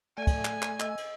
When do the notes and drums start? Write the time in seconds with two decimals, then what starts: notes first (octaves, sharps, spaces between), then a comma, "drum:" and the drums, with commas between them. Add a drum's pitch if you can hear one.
0.18 A3 D5 G#5
0.27 drum: kick, cymbal
0.45 drum: clap
0.62 drum: clap
0.80 D#5 E6, drum: clap
0.97 drum: cymbal